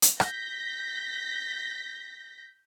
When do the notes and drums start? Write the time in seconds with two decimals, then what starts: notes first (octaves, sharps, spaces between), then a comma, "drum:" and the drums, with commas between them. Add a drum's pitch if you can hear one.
0.02 drum: hi-hat
0.20 G6 A#6 B6, drum: rim click